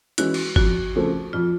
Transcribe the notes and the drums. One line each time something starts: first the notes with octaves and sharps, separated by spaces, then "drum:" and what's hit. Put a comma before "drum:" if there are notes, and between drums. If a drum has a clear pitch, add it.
E3 G#3 C#4 E4 F#4, drum: hi-hat
drum: cymbal
F2 F#4, drum: kick
C#3 F3 A3 C4
F2 F4